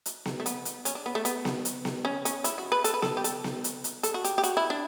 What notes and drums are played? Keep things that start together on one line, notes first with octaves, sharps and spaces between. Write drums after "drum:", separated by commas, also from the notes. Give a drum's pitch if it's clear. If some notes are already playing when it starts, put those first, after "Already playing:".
drum: hi-hat
drum: snare B3
A3
B3, drum: hi-hat
drum: hi-hat
C#4, drum: hi-hat
D4
B3
A3
B3, drum: hi-hat
drum: snare B3
drum: hi-hat
drum: snare B3
C#4
C#4, drum: hi-hat
E4, drum: hi-hat
F#4
B4
A4, drum: hi-hat
B4
A4, drum: snare B3
G4
A4, drum: hi-hat
drum: snare B3
drum: hi-hat
drum: hi-hat
A4, drum: hi-hat
F#4
G4, drum: hi-hat
G4
F#4, drum: hi-hat
E4
D4